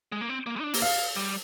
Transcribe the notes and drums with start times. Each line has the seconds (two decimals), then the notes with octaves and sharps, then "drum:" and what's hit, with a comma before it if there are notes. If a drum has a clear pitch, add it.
0.12 G#3
0.21 A#3
0.29 C4
0.46 A#3
0.56 G#3
0.60 D#4
0.64 D4
0.74 A#3, drum: open hi-hat
0.82 F5
1.16 G3